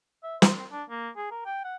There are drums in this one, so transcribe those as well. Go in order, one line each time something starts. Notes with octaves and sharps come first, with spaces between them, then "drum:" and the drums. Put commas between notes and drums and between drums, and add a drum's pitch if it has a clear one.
E5
C5, drum: snare
C4
D4
A#3
G#4
A#4
G5
F#5